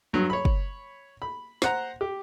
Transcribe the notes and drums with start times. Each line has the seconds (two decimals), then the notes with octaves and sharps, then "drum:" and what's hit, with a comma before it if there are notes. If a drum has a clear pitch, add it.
0.13 G2 F#3
0.30 C#5 B5
0.45 drum: kick
1.22 B5
1.62 C5 F#5 A#5, drum: snare
2.01 G4